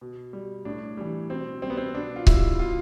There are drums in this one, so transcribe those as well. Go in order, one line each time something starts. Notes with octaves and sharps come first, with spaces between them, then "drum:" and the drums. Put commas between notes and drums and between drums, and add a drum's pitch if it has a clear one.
B2
G3
A2 D4
E3 G3
B2 C4
G3 C4
B3
C4
B2 D4
F4
G3 E4, drum: kick C#1
B2 F4